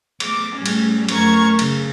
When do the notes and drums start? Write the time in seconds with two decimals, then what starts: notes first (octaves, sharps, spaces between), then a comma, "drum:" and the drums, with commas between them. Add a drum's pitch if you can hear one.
0.20 D6, drum: cymbal
0.56 A2 G3 C#4
0.66 drum: cymbal
1.09 F#2 A3 C#4 A#4 C#6 G#6, drum: cymbal
1.59 C#3, drum: cymbal